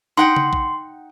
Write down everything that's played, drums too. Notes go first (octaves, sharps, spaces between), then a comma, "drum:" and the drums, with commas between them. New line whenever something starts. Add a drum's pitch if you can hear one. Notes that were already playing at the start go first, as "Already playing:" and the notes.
D#4 F#5 G5 C6
drum: tom C#3
drum: kick A#1